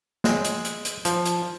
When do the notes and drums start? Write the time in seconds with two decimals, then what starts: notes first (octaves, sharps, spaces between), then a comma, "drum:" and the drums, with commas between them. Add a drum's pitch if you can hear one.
0.24 G#3, drum: snare
0.45 drum: hi-hat
0.65 drum: hi-hat
0.85 drum: hi-hat
1.05 F3, drum: hi-hat
1.25 drum: hi-hat